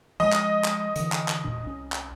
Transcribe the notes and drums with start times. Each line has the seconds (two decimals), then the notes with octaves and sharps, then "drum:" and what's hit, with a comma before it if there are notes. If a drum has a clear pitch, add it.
0.20 F3 G#3 D#5
0.33 drum: clap
0.64 drum: clap
0.96 D3 E3, drum: hi-hat
1.12 drum: clap
1.28 drum: clap
1.44 E1 A#2 D4
1.65 C2 C#4
1.92 drum: clap